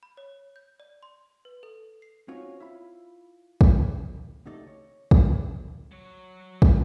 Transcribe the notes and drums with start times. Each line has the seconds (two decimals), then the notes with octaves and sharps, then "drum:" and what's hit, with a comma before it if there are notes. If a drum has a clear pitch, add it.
0.03 B5
0.17 C#5
0.56 G6
0.80 D5
1.03 C6
1.45 B4
1.63 A4
2.02 C7
2.28 C4 C#4 D#4 F4 F#4 C#5
2.60 E4 F4 B5
3.61 drum: kick
4.46 D2 C3 A3 D#4 D5 D#5
4.67 C#5
5.11 drum: kick
5.92 F#3 C#5
6.62 drum: kick